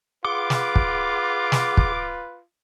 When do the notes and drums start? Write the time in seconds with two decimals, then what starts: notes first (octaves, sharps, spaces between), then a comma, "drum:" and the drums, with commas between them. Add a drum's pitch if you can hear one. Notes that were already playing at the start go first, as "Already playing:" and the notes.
0.25 F4 G#4 B4 F#5 C6 D6
0.50 drum: snare
0.75 drum: kick
1.52 drum: snare
1.77 drum: kick